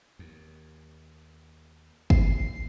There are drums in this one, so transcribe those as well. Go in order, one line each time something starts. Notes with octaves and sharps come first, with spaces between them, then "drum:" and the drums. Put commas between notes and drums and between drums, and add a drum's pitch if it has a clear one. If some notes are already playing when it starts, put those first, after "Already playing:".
D#2
A#2 D#3 A#3 C7, drum: kick